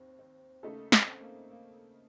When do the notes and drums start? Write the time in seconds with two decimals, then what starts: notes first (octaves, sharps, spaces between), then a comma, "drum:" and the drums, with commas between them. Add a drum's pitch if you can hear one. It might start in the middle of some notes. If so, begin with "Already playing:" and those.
Already playing: D#2 C4
0.19 C4
0.63 C#3 A3 A#3 D#4 A4
0.92 C4, drum: snare
1.21 A#3
1.51 A#3